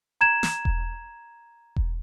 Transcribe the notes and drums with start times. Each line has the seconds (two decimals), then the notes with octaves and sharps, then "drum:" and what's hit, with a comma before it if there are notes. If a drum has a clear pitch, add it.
0.21 A#5 G#6 E7
0.43 drum: snare
0.65 drum: kick E1
1.76 drum: kick E1